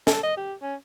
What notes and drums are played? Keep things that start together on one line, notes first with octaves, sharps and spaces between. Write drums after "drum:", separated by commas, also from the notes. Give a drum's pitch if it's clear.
A4, drum: snare
D#5
G4
C#4